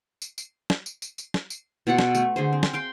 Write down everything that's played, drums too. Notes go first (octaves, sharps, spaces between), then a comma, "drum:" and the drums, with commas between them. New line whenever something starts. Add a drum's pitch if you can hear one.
drum: tambourine
drum: tambourine
drum: snare
drum: tambourine
drum: tambourine
drum: tambourine
drum: snare
drum: tambourine
B2 F4 A4 F#5
drum: snare
A3, drum: tambourine
D3 G#4 C5
C4
drum: snare
F5 G5 C6